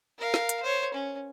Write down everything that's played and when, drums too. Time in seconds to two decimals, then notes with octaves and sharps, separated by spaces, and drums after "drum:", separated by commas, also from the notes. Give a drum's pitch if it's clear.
0.19 A#4 F5
0.34 drum: snare
0.49 drum: hi-hat
0.63 C5 C#5
0.94 C#4